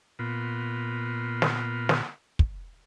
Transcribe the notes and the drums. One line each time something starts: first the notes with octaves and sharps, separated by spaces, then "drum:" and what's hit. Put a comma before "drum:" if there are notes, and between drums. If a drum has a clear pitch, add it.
A#2 B3 F4
drum: snare
drum: snare
drum: kick